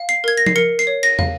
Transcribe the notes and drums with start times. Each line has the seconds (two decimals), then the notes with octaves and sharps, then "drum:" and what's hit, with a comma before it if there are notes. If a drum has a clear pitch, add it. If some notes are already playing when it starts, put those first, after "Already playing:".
Already playing: F5
0.09 C7
0.24 A#4 G#6
0.37 A#6
0.46 C7, drum: tom F3
0.56 A#4 C#7
0.79 C7, drum: hi-hat
0.87 C#5
1.03 A#6, drum: cymbal
1.19 F5, drum: tom